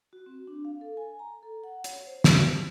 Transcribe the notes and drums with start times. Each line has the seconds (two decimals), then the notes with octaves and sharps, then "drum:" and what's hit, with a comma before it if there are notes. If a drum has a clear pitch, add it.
0.13 F#4
0.26 C4
0.47 D4
0.65 F5
0.81 A4
0.97 G#5
1.19 A#5
1.43 A4
1.64 F#5
1.84 C#5, drum: hi-hat
2.07 C5
2.24 drum: snare
2.33 G4